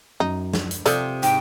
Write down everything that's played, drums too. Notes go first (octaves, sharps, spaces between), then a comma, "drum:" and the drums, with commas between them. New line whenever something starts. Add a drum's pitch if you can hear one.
F#2 D#4
drum: snare
drum: hi-hat
C3 F3 A4 D5 D#6 G6, drum: hi-hat
G#2 G5, drum: hi-hat